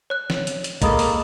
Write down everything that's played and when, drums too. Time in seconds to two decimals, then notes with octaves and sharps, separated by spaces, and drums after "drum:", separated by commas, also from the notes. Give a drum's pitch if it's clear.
0.10 C#5 F#6
0.30 drum: snare
0.47 drum: hi-hat
0.64 drum: hi-hat
0.82 G#2 A#3 A4 D#5 B5 D#6, drum: kick B1, hi-hat
0.99 drum: open hi-hat